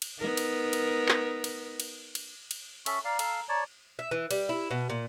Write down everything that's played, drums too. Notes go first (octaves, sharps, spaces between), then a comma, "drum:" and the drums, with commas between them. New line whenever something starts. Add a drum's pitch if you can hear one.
drum: cymbal
B3 D#4 A#4
drum: cymbal
drum: cymbal
drum: clap
drum: cymbal
drum: cymbal
drum: cymbal
drum: cymbal
C#4 A4 E5 C#6, drum: cymbal
D5 F5 A#5
A4 F5 E6, drum: cymbal
C#5 D5 A5 A#5
E5
E3
G3, drum: cymbal
E4
B2
A#2